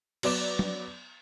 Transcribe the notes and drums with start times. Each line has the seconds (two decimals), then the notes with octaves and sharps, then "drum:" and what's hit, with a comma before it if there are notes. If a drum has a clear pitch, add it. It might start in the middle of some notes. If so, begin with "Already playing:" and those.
0.23 F#3 B3 D5 D6 E7, drum: cymbal
0.59 drum: tom F#3